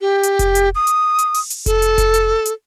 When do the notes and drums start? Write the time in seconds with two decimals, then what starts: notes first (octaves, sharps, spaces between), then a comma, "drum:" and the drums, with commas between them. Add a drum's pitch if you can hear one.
0.01 G4
0.23 drum: hi-hat
0.39 drum: kick F1, hi-hat
0.55 drum: hi-hat
0.75 D#6
0.87 drum: hi-hat
1.19 drum: hi-hat
1.34 drum: open hi-hat
1.50 drum: hi-hat
1.66 A4, drum: kick F1, hi-hat
1.82 drum: hi-hat
1.98 drum: kick F1, hi-hat
2.14 drum: hi-hat
2.45 drum: hi-hat